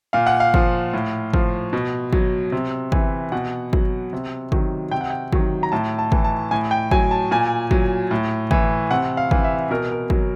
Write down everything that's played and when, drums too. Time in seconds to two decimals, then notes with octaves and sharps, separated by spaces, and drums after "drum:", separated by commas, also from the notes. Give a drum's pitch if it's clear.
0.13 A#2 F5
0.27 F#5
0.40 F5
0.54 F3, drum: kick
0.93 A2
1.34 F3, drum: kick
1.73 B2
2.13 F#3, drum: kick
2.52 C3
2.92 E3, drum: kick
3.32 B2 F#5
3.73 F#3, drum: kick
4.13 C3
4.52 D#3 F#3, drum: kick
4.91 C3 G5
5.01 F#5
5.10 G5
5.33 D#3 F#3, drum: kick
5.63 A#5
5.72 A2 A5
5.99 A5
6.12 E3, drum: kick
6.24 A5
6.51 A2 G#5
6.71 G5
6.91 F#3 G#5, drum: kick
7.11 A5
7.31 A#2 G#5
7.71 F#3, drum: kick
8.11 A2
8.51 E3, drum: kick
8.91 C3 F#5
9.17 F5
9.31 E3, drum: kick
9.44 E5
9.70 B2 A#4
9.91 A#4
10.10 F#3, drum: kick